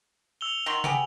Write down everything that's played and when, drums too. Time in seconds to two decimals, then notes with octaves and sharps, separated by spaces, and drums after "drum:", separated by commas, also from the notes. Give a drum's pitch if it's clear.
0.41 E6 F7 G7
0.66 D#3 F#4 C6
0.84 B3 G4 G#4, drum: tom